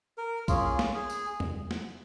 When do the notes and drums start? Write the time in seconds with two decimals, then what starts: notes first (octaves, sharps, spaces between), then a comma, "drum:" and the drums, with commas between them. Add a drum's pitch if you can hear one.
0.18 A#4
0.48 A#3 C#4 F4 G#4, drum: kick A#1, tambourine
0.79 drum: snare
0.94 G#4
1.10 drum: tambourine
1.40 drum: tom
1.71 drum: snare